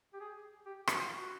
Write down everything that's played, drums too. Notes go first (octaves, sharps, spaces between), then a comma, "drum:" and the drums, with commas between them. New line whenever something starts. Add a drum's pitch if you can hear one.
G4
G#4
G4
F#4, drum: rim click
F4
F#4